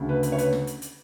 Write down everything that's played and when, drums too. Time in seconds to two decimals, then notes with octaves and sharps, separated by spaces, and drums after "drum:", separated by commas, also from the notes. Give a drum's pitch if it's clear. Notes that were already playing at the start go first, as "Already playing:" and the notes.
Already playing: D2 C#3
0.09 B4
0.23 B4, drum: hi-hat
0.32 C#5
0.38 B4, drum: hi-hat
0.53 drum: snare
0.67 drum: hi-hat
0.82 drum: hi-hat